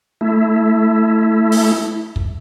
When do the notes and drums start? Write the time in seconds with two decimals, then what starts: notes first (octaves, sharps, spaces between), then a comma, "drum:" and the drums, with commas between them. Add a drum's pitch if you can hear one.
0.21 A3 E4
1.52 drum: open hi-hat
2.16 drum: kick